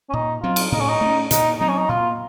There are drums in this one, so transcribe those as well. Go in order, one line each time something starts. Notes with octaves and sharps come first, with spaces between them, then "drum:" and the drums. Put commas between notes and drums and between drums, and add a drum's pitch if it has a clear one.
C#4
A#2 D#4
F#3 C4 F4
drum: cymbal
A2 D#4
C#4
D#4
A3
C#4
A#2 D#4, drum: hi-hat
F#3 C4 D#4
C#4
D#4
A#2 F4